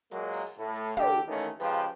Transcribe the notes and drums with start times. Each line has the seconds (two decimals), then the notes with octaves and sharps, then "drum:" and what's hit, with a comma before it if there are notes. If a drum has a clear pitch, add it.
0.11 A#2 F#3 G#3 A#3, drum: hi-hat
0.33 drum: open hi-hat
0.57 A2
0.75 drum: hi-hat
0.97 A1 D3 G4, drum: tom
1.27 D#2 D#3 E3 A3 C#4
1.40 drum: hi-hat
1.60 C#3 F3 G#3 G4 B4, drum: open hi-hat